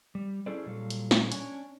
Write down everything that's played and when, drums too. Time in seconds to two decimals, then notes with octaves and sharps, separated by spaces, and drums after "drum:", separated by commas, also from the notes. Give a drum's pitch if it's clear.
0.15 G3
0.46 C#4 E4 G#4 A4 C5 D5
0.66 A#2 F#3 G3 A4 F5
0.90 drum: hi-hat
1.11 drum: snare
1.32 C#4 D4 C#5 G#5, drum: hi-hat